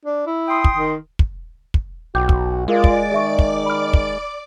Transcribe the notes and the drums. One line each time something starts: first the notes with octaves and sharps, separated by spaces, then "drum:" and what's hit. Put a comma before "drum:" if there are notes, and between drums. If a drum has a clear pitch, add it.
D4
E4
G5 C6 D#6
drum: kick
D#3
drum: kick
drum: kick
B1 F#4 G5 D6 G6
drum: kick
G#3 F4 G#4 A#4 D5 F5 D6
drum: kick
D#3 G#4 E5 C#6
drum: kick
B5 F6
drum: kick